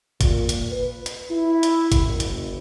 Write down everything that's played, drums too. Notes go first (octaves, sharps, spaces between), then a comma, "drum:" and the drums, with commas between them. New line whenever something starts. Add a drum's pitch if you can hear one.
A#2, drum: kick G1, hi-hat
drum: hi-hat
B4
drum: hi-hat
E4
drum: hi-hat
drum: kick G1, hi-hat
F#1
drum: hi-hat